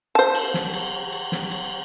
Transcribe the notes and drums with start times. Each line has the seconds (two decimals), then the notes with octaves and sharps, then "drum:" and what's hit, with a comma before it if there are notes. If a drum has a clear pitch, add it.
0.15 C5 A5
0.35 drum: cymbal
0.54 drum: snare
0.74 drum: cymbal
1.12 drum: cymbal
1.32 drum: snare
1.51 drum: cymbal